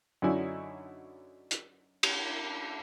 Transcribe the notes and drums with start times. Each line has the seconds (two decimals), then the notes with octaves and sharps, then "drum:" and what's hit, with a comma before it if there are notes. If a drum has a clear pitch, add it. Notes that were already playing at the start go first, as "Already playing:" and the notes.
0.22 F#2 D3 C#4 D#4 E4 G#5
1.51 drum: hi-hat
2.03 drum: cymbal